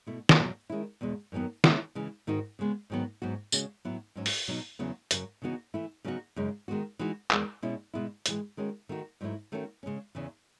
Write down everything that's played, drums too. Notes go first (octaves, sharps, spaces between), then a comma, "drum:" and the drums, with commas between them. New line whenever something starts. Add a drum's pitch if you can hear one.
B2 A3 E4
drum: snare
E2 B2 F#3
D#3 G#3 C#4 E4
E2 B2 G#3
F#2 D#3 F#3 B3
C#3 G#3 C#4 E4, drum: snare
C#3 E3 G#3
G#2 D#3 G#3 D#4 F#4
C#3 G#3 B3
G#2 D#3 F#3 B3
G#2 F#3 B3 F#4
C#3 G#3 C#4 F#4, drum: tambourine
A2 F#3 B3 E4
G#2 F#3 C#4 F#4
drum: open hi-hat
B2 F#3 B3 D#4
E2 C#3 F#3 B3 E4
F#2 C#3 F#3, drum: hi-hat
C#3 E3 B3 D#4 F#4
E3 A3 E4
C#3 F#3 B3 D#4 F#4
F#2 C#3 G#3 D#4
D#3 G#3 B3 F#4
E3 G#3 D#4 F#4
E2 D#3 G#3, drum: clap
B2 G#3 C#4 E4
B2 G#3 B3 E4
A2 E3 G#3, drum: hi-hat
D#3 G#3 C#4 F#4
D#3 A3 D#4 F#4
G#2 F#3 A3 E4
D#3 A3 C#4 F#4
C#3 G#3 C#4
E2 C#3 E3